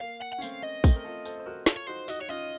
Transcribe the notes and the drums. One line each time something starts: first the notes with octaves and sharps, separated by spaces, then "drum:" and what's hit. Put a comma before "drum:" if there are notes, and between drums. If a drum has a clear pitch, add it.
A#3 F5
F#5
F#5
C#4
A3 C4 F5, drum: tambourine
D#5
A3 C4, drum: kick, tambourine
A#4
F4 A4
A4 C5, drum: tambourine
C5
F#4 A#4
F4 A4 C#5, drum: snare
C#5
D#4 F#4 C5
D#4 F#4 D#5, drum: tambourine
F#4 C#5
C#4 F4 D#5